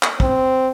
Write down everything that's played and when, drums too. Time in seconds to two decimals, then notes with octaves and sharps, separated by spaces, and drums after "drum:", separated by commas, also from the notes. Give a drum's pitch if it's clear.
0.03 drum: clap
0.20 C4, drum: kick